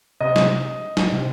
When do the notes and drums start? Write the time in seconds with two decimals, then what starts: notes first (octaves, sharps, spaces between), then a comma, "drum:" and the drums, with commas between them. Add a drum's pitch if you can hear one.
0.21 C3 D#5
0.36 drum: snare
0.97 drum: snare
1.12 C3